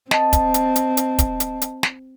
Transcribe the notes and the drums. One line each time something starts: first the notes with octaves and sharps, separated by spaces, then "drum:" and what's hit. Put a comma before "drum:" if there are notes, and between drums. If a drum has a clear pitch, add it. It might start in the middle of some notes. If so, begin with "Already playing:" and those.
C4 D#5 A5, drum: snare
drum: kick, hi-hat
drum: hi-hat
drum: hi-hat
drum: hi-hat
drum: kick, hi-hat
drum: hi-hat
drum: hi-hat
drum: snare